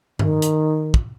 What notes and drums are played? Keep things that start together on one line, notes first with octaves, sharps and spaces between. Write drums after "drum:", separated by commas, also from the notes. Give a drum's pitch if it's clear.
D#3, drum: tom G2
drum: hi-hat
drum: kick